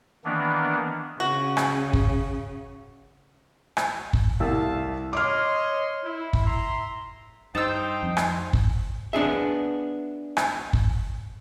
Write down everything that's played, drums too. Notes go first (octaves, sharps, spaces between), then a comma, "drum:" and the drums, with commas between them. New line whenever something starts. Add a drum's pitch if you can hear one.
D#3 E3 A#3 B3 D4
C#3 F#4
drum: rim click
drum: kick
drum: rim click
drum: kick
C2 A3 F5 A5
C#5 D#5 C6 D6 F6
E4
drum: kick
E5 A#5 C6
G2 D#4 C5 G5 A5 E6
F2
drum: rim click
drum: kick
B3 D4 G#4 E5
drum: rim click
drum: kick